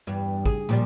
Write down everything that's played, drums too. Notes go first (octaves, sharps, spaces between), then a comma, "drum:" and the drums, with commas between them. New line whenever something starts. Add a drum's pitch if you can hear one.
E2 G2
G#4, drum: kick
A#2 F3 G3